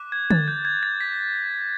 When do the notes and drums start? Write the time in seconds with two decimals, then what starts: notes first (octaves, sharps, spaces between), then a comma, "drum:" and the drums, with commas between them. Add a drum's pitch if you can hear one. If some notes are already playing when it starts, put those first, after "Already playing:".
Already playing: D6 F#6
0.12 G#6
0.31 A6, drum: tom D3
0.48 G6
0.65 G#6
0.83 A6
1.00 B6